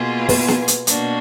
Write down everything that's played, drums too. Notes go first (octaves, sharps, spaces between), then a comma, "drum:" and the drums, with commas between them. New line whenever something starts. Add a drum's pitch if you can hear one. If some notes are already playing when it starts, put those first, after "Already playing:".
Already playing: B2 A#3 F4 G#4
B3 B4, drum: open hi-hat
drum: snare
drum: hi-hat
B2 A#3 D4 F#4, drum: hi-hat